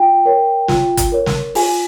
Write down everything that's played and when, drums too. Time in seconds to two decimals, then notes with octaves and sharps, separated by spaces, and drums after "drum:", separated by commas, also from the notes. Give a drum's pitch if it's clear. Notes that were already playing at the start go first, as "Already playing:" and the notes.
Already playing: F4 G5
0.25 A#4 C#5
0.68 F4, drum: snare
0.97 drum: kick, hi-hat
1.12 A#4 C#5
1.26 drum: snare
1.55 F4 G#5, drum: open hi-hat